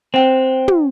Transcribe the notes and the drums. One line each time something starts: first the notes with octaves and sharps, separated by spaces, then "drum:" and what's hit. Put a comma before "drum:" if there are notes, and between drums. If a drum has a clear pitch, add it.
C4 C5 F#5 G5
drum: tom